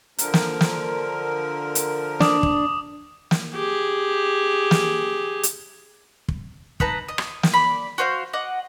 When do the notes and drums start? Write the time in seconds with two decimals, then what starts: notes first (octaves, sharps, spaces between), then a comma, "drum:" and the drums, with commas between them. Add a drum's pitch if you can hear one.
0.18 D3 F3 A#4, drum: hi-hat
0.34 drum: snare
0.61 drum: snare
1.75 drum: hi-hat
2.20 D4 D6 D#6, drum: snare
2.43 drum: kick
3.31 drum: snare
3.55 G4 G#4
4.71 drum: snare
5.43 drum: hi-hat
6.28 drum: kick
6.80 D#4 B4 A5 A#5, drum: kick
7.09 D#5
7.18 drum: rim click
7.43 drum: snare
7.53 D5 B5
7.98 F#4 C5 D#5 F5
8.33 D#5 F#5 D6